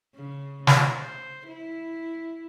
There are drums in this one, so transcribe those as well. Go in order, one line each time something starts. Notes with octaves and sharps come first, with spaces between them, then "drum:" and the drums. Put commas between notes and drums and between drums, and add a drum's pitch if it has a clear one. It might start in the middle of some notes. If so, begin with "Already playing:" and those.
C#3
drum: snare
C5
E4